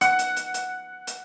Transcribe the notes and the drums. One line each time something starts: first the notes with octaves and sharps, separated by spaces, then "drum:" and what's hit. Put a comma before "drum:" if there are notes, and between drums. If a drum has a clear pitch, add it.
F#5, drum: hi-hat
drum: hi-hat
drum: hi-hat
drum: hi-hat
drum: hi-hat